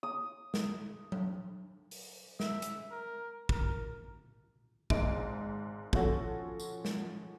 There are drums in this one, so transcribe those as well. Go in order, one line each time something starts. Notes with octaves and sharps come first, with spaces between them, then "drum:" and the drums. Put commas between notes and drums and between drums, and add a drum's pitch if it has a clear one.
D#6
drum: snare
drum: tom F#3
drum: open hi-hat
E5, drum: snare
drum: hi-hat
A#4
A#4, drum: kick
G#1 G#2 D#5 D7, drum: kick
F3 C#4 F#4 A4, drum: kick
drum: tambourine
drum: snare